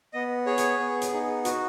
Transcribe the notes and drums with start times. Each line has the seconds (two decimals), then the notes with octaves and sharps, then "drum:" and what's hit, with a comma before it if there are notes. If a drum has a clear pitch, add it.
0.13 B3 D#5
0.46 G#4 C#5
0.58 drum: hi-hat
0.79 B3
1.02 drum: hi-hat
1.13 D#4
1.45 F#4, drum: hi-hat